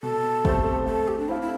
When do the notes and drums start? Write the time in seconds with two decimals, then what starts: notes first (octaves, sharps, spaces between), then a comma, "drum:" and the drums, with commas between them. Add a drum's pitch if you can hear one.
0.03 B2 A4
0.45 A3 C4 G4 C5, drum: kick
0.86 A3 A4
1.08 G4
1.19 D4
1.28 C4 E4 F4
1.42 E4